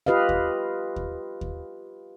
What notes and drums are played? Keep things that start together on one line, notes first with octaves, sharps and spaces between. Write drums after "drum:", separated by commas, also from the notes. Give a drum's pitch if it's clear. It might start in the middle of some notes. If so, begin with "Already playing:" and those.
F4 G4 B4 D#5 F5
drum: kick D#2
drum: kick D#2
drum: kick D#2